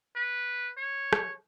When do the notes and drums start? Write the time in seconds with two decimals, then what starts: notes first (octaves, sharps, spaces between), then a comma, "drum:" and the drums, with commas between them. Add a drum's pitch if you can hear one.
0.16 B4
0.77 C#5
1.13 drum: rim click